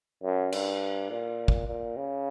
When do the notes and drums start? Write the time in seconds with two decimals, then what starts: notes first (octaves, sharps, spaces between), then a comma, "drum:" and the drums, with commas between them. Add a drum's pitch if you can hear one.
0.23 F#2
0.52 G2, drum: cymbal
1.10 A#2
1.48 drum: kick
1.67 A#2
1.97 C#3